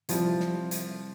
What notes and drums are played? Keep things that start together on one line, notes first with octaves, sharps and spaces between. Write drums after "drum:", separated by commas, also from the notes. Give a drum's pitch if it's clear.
C3 F3 G3 C4 E4, drum: hi-hat
drum: snare
drum: hi-hat